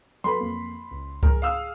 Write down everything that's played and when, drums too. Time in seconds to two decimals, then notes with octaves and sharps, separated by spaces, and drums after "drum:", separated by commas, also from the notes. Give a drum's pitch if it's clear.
0.24 F#3 A4 B4 B5 C6
0.41 F2 A#3
0.91 C#2
1.23 G#4 A#4, drum: kick C#2
1.42 F5 D#6 E6